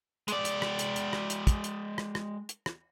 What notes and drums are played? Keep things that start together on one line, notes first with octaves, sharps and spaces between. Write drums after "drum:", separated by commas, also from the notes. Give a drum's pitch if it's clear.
G#3 D5, drum: hi-hat
drum: hi-hat
drum: rim click
drum: hi-hat
drum: hi-hat
drum: rim click
drum: hi-hat
drum: kick, hi-hat
drum: hi-hat
drum: rim click
drum: rim click
drum: hi-hat
drum: rim click